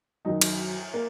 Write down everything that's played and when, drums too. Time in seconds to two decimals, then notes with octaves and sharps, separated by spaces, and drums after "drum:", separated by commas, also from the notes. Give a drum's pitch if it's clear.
0.25 F#2 D#3 F#3 D#4
0.41 drum: cymbal
0.94 A#3